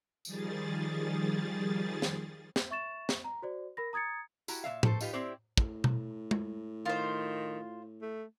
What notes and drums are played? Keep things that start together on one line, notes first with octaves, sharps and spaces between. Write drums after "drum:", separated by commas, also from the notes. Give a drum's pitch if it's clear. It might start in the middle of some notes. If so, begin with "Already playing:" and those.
D#3 F3 G3 G#4 A6, drum: tambourine
drum: snare
drum: snare
E5 C#6 A6 E7
drum: snare
A#5
F#4 C5 D5
A#4 B5 A#6
A#5 D#6 G#6 A6 C#7
E4 F#4 G4 A#5, drum: tambourine
A#2 G3 E5 F5
A3 C4 A4 C5, drum: tom A2
D#4 F4 G4 A#4 B4, drum: tambourine
C4 E4 G4 C5 D5
A2, drum: kick
drum: tom B2
drum: tom
D#3 F4 C5
A3